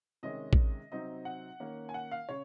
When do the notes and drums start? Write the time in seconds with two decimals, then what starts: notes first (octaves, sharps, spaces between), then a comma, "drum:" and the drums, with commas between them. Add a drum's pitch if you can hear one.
0.23 C3 D#3 G#3 C#4 D#5
0.53 drum: kick A1
0.92 C3 F#3 C4 D#4 D#5
1.25 F#5
1.60 D#3 A#3 C#4
1.89 G#5
1.94 F#5
2.11 F5
2.29 C#3 C#5